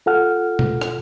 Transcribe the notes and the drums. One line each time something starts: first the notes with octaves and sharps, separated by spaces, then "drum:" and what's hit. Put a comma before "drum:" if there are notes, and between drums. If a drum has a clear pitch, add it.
F4 A4 F#5 F6
drum: tom B2
drum: rim click